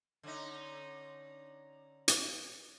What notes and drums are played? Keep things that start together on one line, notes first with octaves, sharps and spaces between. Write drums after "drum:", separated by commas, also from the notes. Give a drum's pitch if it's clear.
D3 C#4 D#4
drum: hi-hat